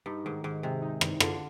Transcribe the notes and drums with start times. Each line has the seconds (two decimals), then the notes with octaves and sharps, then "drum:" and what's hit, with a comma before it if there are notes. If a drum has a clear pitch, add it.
0.06 G2 D#4
0.25 G#2 D#3
0.44 G#2 D#3
0.63 C3 G#3
0.82 D#4
1.01 D#3, drum: rim click
1.20 D3 F4, drum: rim click